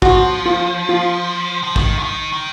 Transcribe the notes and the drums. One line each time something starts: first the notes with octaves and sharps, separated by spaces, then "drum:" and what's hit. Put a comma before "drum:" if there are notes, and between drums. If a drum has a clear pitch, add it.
F3 F#4, drum: kick
F4
F4
F3
D#3, drum: kick
F3
D#3
D#3